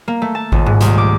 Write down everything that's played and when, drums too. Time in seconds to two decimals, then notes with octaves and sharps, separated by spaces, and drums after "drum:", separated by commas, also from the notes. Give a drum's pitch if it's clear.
0.08 A#3
0.22 A3
0.35 A5
0.52 D#1, drum: kick G#1
0.66 G#2
0.81 C2, drum: hi-hat
0.98 D6